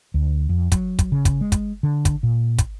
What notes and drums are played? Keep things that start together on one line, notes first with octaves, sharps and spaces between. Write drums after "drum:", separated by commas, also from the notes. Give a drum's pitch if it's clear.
D2
F2
F#3, drum: kick, hi-hat
drum: kick, hi-hat
C#3
drum: kick, hi-hat
G#3
drum: kick, hi-hat
D3
drum: kick, hi-hat
A#2
drum: kick, hi-hat